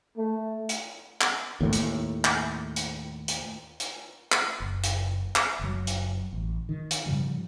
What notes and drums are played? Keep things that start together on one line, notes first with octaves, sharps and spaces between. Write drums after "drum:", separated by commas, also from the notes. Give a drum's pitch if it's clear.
A3
drum: hi-hat
drum: clap
D#2 A2
drum: hi-hat
drum: clap
drum: hi-hat
drum: hi-hat
drum: hi-hat
drum: clap
F#1
drum: hi-hat
drum: clap
F#1 F#3
drum: hi-hat
A1
D#3
drum: hi-hat
G#2 C#3 F3 G3